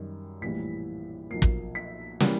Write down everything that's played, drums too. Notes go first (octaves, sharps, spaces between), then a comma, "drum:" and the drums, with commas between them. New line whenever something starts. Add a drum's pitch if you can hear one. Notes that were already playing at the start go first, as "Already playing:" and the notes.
Already playing: F#2 D#3 G3
A#1 A2 E3 G3 B6
B1 A#2 F3 A#3 C7
drum: kick
B6
E3 G3 A#3, drum: snare